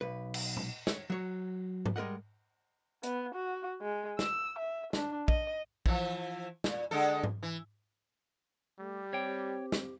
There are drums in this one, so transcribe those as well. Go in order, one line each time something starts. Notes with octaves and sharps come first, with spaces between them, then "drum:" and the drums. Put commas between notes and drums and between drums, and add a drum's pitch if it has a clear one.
B1 B4
drum: cymbal
drum: tom
C#5, drum: snare
F#3 C#5
drum: tom G#2
G3 G#3 A#4 D#5 F#5
B3, drum: hi-hat
F#4
G#3
E6, drum: snare
E5
D4, drum: snare
D#5, drum: kick
E3 F3, drum: kick
A#2, drum: snare
D3 G#3 A4
drum: tom G#2
E3
G3 A3 G4
C4 C#5 G5
drum: snare